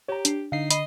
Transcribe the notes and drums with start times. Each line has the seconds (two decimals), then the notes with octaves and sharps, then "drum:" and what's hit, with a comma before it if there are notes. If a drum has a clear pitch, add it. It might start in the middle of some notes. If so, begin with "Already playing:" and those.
0.08 G4 C#5 A#5
0.25 D4 C7, drum: hi-hat
0.52 D3 D#4 F5 C7
0.71 D#5 B5, drum: hi-hat